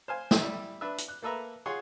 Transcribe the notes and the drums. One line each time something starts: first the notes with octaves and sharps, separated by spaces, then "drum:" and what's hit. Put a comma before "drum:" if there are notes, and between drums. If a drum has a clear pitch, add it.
C5 F5 G#5
drum: snare
G3 E4
D4 B4 E5
drum: hi-hat
F#6
A#3 A4 B4 E5 A#5
F4 G#4 C#5 F#5 C6